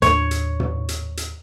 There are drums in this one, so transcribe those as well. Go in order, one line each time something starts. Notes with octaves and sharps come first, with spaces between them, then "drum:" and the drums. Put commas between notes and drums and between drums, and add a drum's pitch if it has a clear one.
D#2 A2 D4 C#5, drum: hi-hat
drum: hi-hat
drum: tom
drum: hi-hat
drum: hi-hat